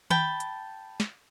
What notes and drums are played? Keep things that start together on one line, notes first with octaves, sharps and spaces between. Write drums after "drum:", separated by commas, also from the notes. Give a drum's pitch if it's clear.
G5 A5 B5, drum: tom D#3
drum: hi-hat
drum: snare